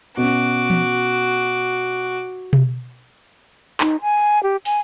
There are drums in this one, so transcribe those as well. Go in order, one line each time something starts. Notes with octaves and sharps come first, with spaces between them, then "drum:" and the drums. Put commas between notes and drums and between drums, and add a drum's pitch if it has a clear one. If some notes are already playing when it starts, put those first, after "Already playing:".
B2 C#4 F#4 D6
drum: tom E3
drum: tom B2
D#4, drum: clap
G#5
G4
G#5, drum: open hi-hat